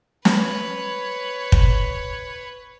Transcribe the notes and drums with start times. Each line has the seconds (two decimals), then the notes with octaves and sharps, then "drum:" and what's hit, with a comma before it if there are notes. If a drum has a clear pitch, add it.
0.25 B4 C#5, drum: snare
1.52 drum: kick